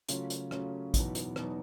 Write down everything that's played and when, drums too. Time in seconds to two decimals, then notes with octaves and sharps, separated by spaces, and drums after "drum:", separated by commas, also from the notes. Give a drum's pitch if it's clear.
0.08 C#3 F#3 A3 C#4 F4, drum: hi-hat
0.30 drum: hi-hat
0.51 C#3 F#3 A3 C#4 F4, drum: rim click
0.94 E2 B2 F#3 B3 D#4, drum: kick A1, hi-hat
1.15 drum: hi-hat
1.36 E2 B2 F#3 B3 D#4, drum: rim click